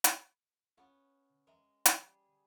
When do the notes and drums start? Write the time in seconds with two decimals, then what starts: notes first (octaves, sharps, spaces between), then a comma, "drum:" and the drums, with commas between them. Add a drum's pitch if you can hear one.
0.04 drum: hi-hat
0.78 B3 C#4 F4 A4 F#5
1.47 G#3 A#4 E5 A#5
1.86 E3 G3 G#4 D#5 E5, drum: hi-hat